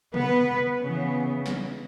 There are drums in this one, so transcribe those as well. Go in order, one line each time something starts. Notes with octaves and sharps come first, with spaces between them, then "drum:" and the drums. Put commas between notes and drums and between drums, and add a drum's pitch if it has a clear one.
B3 B4, drum: tom
C#3 E3 B3
drum: snare